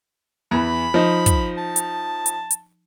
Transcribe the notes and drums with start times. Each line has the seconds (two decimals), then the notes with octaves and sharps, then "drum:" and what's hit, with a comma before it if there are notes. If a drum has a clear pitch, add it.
0.51 E2 E3 B5
0.94 F3 D#4
1.26 drum: kick, hi-hat
1.58 A5
1.76 drum: hi-hat
2.26 drum: hi-hat
2.51 drum: hi-hat